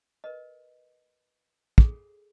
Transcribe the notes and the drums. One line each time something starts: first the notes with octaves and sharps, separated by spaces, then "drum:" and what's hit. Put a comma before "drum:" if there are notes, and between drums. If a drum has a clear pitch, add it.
A#4 B4 D#5
G#4 A4, drum: kick